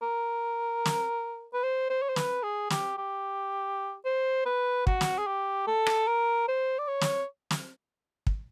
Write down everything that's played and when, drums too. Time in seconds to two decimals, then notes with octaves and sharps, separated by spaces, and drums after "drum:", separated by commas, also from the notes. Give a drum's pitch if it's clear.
0.02 A#4
0.85 drum: snare
1.54 B4
1.64 C5
1.90 C5
2.02 C#5
2.09 C5
2.16 B4, drum: snare
2.43 G#4
2.70 G4, drum: snare
2.98 G4
4.05 C5
4.46 B4
4.87 F#4, drum: kick
5.01 drum: snare
5.19 G#4
5.27 G4
5.67 A4
5.86 drum: rim click
6.07 A#4
6.48 C5
6.79 D5
6.87 C#5
7.01 drum: snare
7.51 drum: snare
8.27 drum: kick